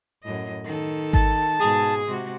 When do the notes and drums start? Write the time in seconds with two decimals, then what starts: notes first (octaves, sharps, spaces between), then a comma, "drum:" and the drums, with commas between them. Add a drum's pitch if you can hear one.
0.23 F#2 A2 D#5
0.64 D#3 A4
1.13 A5, drum: kick G#1
1.60 G#2 B2 G#4
2.07 C3 G#3 F#4